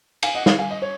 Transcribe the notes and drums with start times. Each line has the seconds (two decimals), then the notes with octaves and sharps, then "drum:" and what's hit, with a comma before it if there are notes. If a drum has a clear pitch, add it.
0.23 F5 G#5, drum: cymbal
0.35 D#5 F#5
0.46 C#5 F5, drum: snare
0.58 F5 G#5
0.70 D#5
0.82 C#5